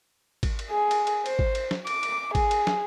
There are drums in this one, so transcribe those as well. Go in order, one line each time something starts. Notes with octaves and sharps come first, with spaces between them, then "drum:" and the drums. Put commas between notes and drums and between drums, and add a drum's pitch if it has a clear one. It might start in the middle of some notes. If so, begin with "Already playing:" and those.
drum: kick G#1, cymbal
drum: cymbal
G#4
drum: cymbal
drum: cymbal
C5, drum: cymbal
drum: kick G#1
drum: cymbal
drum: snare
D6, drum: cymbal
drum: cymbal
G#4, drum: kick G#1, cymbal
drum: cymbal
drum: snare